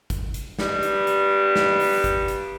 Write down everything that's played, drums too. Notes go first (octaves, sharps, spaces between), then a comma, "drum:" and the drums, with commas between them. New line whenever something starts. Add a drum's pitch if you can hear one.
drum: kick, hi-hat
drum: hi-hat
G2 G3 B3, drum: snare
drum: hi-hat
drum: hi-hat
drum: snare
drum: open hi-hat
drum: kick, hi-hat
drum: hi-hat